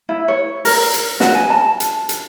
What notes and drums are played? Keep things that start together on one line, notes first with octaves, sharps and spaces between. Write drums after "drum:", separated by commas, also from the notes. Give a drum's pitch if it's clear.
E4
C#5
A#4, drum: open hi-hat
drum: hi-hat
F#4, drum: snare
G#5
A5
drum: hi-hat
drum: hi-hat